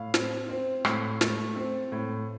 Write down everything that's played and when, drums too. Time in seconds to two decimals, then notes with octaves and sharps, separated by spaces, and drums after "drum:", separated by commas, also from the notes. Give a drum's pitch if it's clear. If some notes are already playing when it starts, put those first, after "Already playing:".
Already playing: A2 F5
0.14 C4, drum: snare
0.49 C4
0.85 A2, drum: rim click
1.21 A3, drum: snare
1.56 C4
1.92 A2